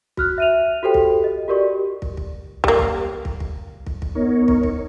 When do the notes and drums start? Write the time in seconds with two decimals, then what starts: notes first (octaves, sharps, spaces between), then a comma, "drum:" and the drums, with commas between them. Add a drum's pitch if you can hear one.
0.17 F#4 F6 F#6, drum: kick
0.38 E5 D#7 F7
0.83 F#4 G4 A4 C5 G5
0.94 drum: kick
1.24 D#5
1.48 F#4 G4 A#4 D5 C#6
2.02 drum: kick
2.17 drum: kick
2.64 G3 A#3, drum: kick
2.79 drum: kick
3.25 drum: kick
3.40 drum: kick
3.86 drum: kick
4.02 drum: kick
4.15 B3 D#4 A#4 C#5
4.48 drum: kick
4.63 drum: kick